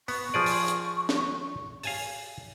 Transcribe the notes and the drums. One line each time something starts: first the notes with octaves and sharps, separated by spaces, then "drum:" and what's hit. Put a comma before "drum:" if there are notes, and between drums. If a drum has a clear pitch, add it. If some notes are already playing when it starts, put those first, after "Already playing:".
B3 C#6, drum: open hi-hat
F3 G#4 D5
drum: open hi-hat
drum: hi-hat
drum: snare
F5 G#5 A5, drum: open hi-hat